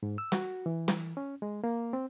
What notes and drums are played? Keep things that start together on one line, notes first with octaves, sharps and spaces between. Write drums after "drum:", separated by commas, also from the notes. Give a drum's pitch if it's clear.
G#2
E6
F#4, drum: snare
E3
drum: snare
C#4
G#3
A#3
C4